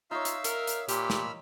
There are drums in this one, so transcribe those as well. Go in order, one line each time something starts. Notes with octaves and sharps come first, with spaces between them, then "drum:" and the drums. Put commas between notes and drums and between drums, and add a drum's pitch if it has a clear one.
D#4 F4 C#5 E5 F5 E6
drum: hi-hat
A#4, drum: hi-hat
drum: hi-hat
A#2 G4 B5 E6 F6, drum: hi-hat
drum: snare